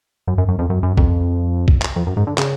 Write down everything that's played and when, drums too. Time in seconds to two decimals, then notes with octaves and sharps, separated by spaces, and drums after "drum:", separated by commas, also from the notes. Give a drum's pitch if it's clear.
0.27 F#2
0.38 F#2
0.48 F#2
0.59 F2
0.70 F#2
0.83 F#2
0.97 F2, drum: kick
1.68 drum: kick
1.82 drum: clap
1.96 F2
2.07 F#2
2.17 G#2
2.27 D3
2.38 C#3, drum: clap